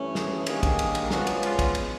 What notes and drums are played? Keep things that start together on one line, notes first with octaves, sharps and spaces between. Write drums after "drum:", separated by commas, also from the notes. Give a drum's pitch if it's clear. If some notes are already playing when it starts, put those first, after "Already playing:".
Already playing: G2 E3 A3 C#4
G#4, drum: snare
D#3 G3 A#3 D4 G#4, drum: cymbal
drum: kick, cymbal
drum: cymbal
drum: cymbal
C#3 F3 G#3 B3 D4 F#4, drum: snare
drum: cymbal
F4, drum: cymbal
drum: kick, cymbal
drum: cymbal